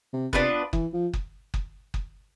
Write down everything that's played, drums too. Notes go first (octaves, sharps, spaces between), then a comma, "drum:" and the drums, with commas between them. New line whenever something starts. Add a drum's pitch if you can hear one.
C3
C3 B3 D4 F4 B4, drum: kick F#1
E3, drum: kick F#1
F3
drum: kick F#1
drum: kick F#1
drum: kick F#1